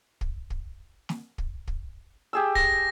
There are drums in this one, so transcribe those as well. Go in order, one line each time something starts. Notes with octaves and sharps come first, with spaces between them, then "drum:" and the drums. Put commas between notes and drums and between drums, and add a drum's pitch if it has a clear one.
drum: kick
drum: kick
drum: snare
drum: kick
drum: kick
G4 G#4 E6
A#6, drum: kick